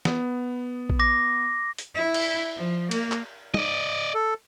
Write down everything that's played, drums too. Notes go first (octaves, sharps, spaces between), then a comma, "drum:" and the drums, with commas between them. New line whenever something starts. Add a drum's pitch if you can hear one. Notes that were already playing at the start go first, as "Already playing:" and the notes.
B3, drum: snare
drum: kick A#1
D6 A#6
drum: hi-hat
E4
drum: cymbal
F3
A#3, drum: cymbal
drum: clap
D5 D#5, drum: tom
A4